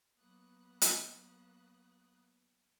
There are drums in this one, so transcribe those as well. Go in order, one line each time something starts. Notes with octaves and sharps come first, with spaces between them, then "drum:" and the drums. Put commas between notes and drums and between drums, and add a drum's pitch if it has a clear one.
F#3 A#3 B3 D#6 F#6
drum: hi-hat